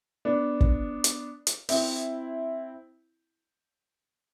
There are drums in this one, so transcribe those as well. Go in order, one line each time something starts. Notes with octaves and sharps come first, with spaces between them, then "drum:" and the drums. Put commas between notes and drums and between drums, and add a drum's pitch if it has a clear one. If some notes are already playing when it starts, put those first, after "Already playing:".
B3 D4
drum: kick
drum: hi-hat
drum: hi-hat
C4 E4, drum: open hi-hat